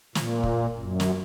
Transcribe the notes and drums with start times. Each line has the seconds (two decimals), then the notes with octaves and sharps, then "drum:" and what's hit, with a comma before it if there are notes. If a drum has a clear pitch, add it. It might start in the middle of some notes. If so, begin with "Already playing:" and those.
0.15 A#2, drum: snare
0.43 drum: kick
0.78 F#2
1.00 drum: snare